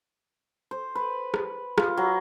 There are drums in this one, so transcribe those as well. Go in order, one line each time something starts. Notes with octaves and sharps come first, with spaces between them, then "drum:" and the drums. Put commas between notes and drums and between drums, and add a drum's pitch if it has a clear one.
C5
B4
drum: rim click
F4, drum: rim click
F#3